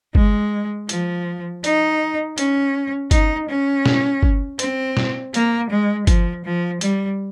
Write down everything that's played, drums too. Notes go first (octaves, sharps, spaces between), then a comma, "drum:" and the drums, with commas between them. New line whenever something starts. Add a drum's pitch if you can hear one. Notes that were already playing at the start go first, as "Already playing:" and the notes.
G#3, drum: kick G1
F3, drum: hi-hat
D#4, drum: hi-hat
C#4, drum: hi-hat
D#4, drum: kick G1, hi-hat
C#4
drum: snare
drum: kick G1
C4, drum: hi-hat
drum: snare
A#3, drum: hi-hat
G#3
F3, drum: kick G1, hi-hat
F3
G3, drum: hi-hat